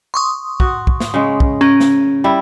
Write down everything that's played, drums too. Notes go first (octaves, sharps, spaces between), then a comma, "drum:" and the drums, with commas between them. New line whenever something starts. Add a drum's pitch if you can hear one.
C6 C#6 D#6
F#4, drum: kick
drum: kick
drum: snare
C#3 G#3
drum: kick
C#4 A#4
drum: snare
G3 E4